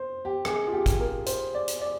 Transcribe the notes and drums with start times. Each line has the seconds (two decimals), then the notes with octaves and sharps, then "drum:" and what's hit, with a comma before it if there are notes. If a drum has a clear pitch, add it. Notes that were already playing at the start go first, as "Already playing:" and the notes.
Already playing: C5
0.25 G4
0.45 G#4, drum: rim click
0.67 F4
0.72 G4
0.86 drum: kick, hi-hat
0.99 A#4
1.26 C5, drum: hi-hat
1.54 D5
1.68 drum: hi-hat
1.81 D5